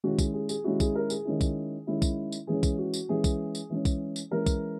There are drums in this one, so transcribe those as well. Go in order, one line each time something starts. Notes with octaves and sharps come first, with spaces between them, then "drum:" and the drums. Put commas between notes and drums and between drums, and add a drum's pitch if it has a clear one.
D#3 G#3 C#4 E4 F#4
G#4, drum: kick, tambourine
G#4
G#4, drum: tambourine
D#3 G#3 C#4 E4 F#4
G#4, drum: kick, tambourine
A#4
G#4, drum: tambourine
D#3 G#3 C#4 E4
drum: kick, tambourine
D#3 G#3 C#4 E4
drum: kick, tambourine
drum: tambourine
E3 G#3 C#4 G#4
drum: kick, tambourine
F#4
drum: tambourine
E3 G#3 C#4 G#4
drum: kick, tambourine
drum: tambourine
E3 G#3 C#4
drum: kick, tambourine
drum: tambourine
E3 G#3 C#4 A#4
drum: kick, tambourine